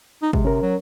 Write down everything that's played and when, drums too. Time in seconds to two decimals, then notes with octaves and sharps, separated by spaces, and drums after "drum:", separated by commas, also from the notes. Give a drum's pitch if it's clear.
0.22 D#4
0.33 C3 G#3, drum: kick
0.45 C#4 A#4
0.62 F#3